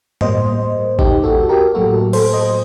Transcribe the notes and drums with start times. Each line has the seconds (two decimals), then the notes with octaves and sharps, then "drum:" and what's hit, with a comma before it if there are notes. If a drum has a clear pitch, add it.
0.21 A2 G3 A#3 C5 D#5, drum: tom G2
0.99 D#4 G4, drum: kick G#1
1.24 F#4 A4
1.49 G4 A#4
1.75 A2 F#3 A#3 F#4 A4
2.13 A4 C5, drum: cymbal
2.33 C5 D#5